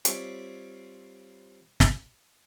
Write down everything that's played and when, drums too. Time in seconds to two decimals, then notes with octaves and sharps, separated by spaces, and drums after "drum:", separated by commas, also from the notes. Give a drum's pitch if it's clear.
0.05 G3 C4 F4 C#5 E5 D6, drum: hi-hat
1.80 drum: snare